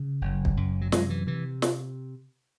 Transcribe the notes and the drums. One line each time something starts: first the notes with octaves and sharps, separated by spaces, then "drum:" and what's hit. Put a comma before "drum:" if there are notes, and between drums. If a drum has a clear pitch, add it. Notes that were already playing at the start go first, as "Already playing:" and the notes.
Already playing: C#3
F#1
drum: kick
F#2
F#3
C3 G#3, drum: snare
E3
C3 E3
drum: snare